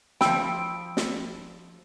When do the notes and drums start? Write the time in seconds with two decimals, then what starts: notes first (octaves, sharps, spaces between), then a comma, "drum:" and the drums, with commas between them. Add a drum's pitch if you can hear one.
0.21 F3 G5 B5 E6, drum: snare
0.97 drum: snare